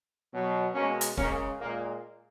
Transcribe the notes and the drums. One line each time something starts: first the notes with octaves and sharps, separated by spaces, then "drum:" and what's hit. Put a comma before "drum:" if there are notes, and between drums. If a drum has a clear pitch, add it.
B2 F#3
B2 G#3 A#3 C#4
drum: hi-hat
C#3 G#3 A#3 C#4, drum: kick
A#2 G#3 A#3